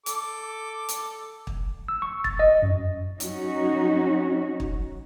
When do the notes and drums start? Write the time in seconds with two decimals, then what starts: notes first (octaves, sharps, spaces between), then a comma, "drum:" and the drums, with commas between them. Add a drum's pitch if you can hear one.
0.06 A4 D6, drum: hi-hat
0.89 drum: hi-hat
1.47 drum: kick
1.88 E6
2.02 C#6
2.24 A6, drum: kick
2.39 D#5
2.62 F#2
3.20 F#3 C#4 D#4 F#4, drum: hi-hat
4.60 drum: kick